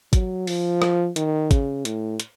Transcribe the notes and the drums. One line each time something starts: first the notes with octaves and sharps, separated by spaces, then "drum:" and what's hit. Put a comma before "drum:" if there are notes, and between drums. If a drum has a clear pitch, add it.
F#3, drum: kick, hi-hat
F3, drum: open hi-hat
drum: rim click
D#3, drum: hi-hat
C#3, drum: kick, hi-hat
A2, drum: hi-hat
drum: hi-hat